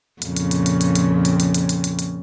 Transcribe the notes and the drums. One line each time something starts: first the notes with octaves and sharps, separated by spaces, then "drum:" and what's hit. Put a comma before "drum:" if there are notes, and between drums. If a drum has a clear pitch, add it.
F2 A#2 C#3, drum: hi-hat
drum: hi-hat
drum: hi-hat
drum: hi-hat
drum: hi-hat
drum: hi-hat
drum: hi-hat
drum: hi-hat
drum: hi-hat
drum: hi-hat
drum: hi-hat
drum: hi-hat